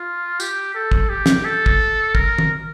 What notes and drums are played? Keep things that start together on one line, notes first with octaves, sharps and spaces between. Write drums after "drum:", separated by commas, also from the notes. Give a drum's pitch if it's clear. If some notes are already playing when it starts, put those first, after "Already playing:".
Already playing: F4
G4, drum: tambourine
A4
drum: kick
G4
drum: snare
A4
drum: kick
A#4, drum: kick
drum: tom